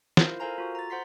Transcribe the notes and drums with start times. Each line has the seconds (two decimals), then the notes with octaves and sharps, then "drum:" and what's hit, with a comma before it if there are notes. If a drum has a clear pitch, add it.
0.17 E4 F4 A#4 C5 F5, drum: snare
0.40 A4 A#4 C5 F5 G#5 A#5
0.58 F4 F#4 A4
0.75 A#5 A6
0.90 C5 F#5 C6 B6 C7